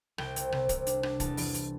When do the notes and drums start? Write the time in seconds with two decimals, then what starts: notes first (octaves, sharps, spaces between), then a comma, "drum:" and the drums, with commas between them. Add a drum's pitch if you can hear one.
0.18 C2 G5, drum: rim click
0.36 C3, drum: hi-hat
0.52 C3, drum: rim click
0.69 C3, drum: kick, hi-hat
0.87 D4, drum: hi-hat
1.03 D4, drum: rim click
1.20 E2 A5, drum: kick, hi-hat
1.37 E3, drum: open hi-hat
1.54 drum: hi-hat